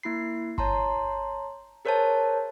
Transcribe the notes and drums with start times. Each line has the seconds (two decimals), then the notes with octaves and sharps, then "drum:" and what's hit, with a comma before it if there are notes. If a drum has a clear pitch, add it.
0.03 A#3 E4 B5 C7
0.58 C#5 A5 A#5 C6, drum: kick G1
1.85 G#4 A#4 C5 C#5 E5 A5